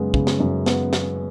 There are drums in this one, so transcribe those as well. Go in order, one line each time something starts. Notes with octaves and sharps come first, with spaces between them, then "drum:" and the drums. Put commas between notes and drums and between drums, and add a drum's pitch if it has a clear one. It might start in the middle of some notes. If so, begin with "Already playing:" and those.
Already playing: F#2 C#3 G#3 B3
C#3, drum: kick
drum: snare
F#2
B3, drum: snare
drum: snare